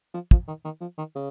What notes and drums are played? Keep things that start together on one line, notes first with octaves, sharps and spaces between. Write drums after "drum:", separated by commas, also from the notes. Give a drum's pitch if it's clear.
F3
F3, drum: kick
D#3
D#3
F3
D#3
C#3